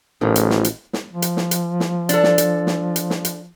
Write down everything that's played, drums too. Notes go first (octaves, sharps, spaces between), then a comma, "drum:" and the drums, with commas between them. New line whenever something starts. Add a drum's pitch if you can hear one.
A1 A2 D#3 F3
drum: hi-hat
drum: snare
drum: hi-hat
drum: snare
F3
drum: hi-hat
drum: snare
drum: hi-hat
drum: snare
D4 A4, drum: hi-hat
drum: snare
drum: hi-hat
drum: snare
drum: hi-hat
drum: snare
drum: hi-hat